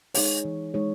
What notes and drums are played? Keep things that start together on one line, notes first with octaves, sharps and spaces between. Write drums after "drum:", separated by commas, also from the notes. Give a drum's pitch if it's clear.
G#3 D#4 G#4 C#5, drum: open hi-hat
E3
G#3 D#4 G#4 C#5